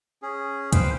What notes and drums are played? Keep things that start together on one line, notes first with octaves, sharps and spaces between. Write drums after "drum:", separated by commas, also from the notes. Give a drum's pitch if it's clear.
C#4 G#4
B4 C5 F5 G5, drum: kick, hi-hat